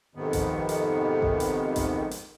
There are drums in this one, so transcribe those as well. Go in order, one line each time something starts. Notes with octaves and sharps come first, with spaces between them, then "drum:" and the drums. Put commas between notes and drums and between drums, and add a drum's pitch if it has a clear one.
F2 G#2 C3 D#3 B3
drum: kick A1, hi-hat
drum: hi-hat
drum: kick A1
drum: hi-hat
drum: kick A1, hi-hat
drum: hi-hat